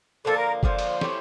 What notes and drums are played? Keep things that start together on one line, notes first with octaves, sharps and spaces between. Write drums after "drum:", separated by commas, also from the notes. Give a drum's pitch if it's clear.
D3 F3 A#3 A4
A#4
D3 F3 A#3 C5, drum: kick F#1
drum: cymbal
A3 C#4 E4 G4, drum: snare